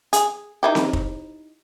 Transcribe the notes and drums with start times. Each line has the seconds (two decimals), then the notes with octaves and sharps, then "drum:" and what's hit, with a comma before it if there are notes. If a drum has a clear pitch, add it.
0.13 G#4, drum: hi-hat
0.63 D#4 E4 G4
0.75 drum: snare C4
0.93 drum: kick